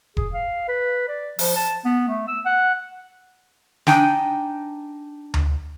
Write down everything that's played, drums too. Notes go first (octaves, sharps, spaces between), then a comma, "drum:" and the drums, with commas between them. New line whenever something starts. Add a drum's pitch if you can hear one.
G#4, drum: kick E1
F5
B4
D5
F3, drum: open hi-hat
A5
B3
A3
E6
F#5
D4 D#4 G5 G#5, drum: snare
drum: tom D2